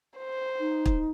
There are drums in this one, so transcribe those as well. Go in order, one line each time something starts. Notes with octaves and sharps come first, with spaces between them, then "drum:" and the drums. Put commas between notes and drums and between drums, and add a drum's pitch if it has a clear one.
C5
D#4
drum: kick